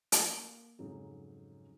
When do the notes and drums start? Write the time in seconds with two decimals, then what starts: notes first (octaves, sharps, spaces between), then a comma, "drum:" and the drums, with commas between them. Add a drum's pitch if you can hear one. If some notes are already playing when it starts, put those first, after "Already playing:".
0.12 A#3, drum: hi-hat
0.79 F2 G#2 C#3 F#3 D#4